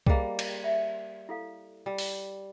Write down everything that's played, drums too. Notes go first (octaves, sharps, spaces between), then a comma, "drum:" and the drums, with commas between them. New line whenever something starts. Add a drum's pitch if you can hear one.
G3 A#3 G#4 C5 D#5, drum: kick C2
drum: cymbal
E5
E4 A4 F5
G3
drum: open hi-hat